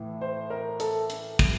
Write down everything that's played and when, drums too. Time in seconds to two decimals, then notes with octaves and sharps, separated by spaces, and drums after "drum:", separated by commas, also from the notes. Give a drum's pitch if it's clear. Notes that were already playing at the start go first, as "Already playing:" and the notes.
Already playing: A2 E3 A3
0.21 C5
0.50 A#4
0.80 A4, drum: hi-hat
1.10 drum: hi-hat
1.39 drum: kick, hi-hat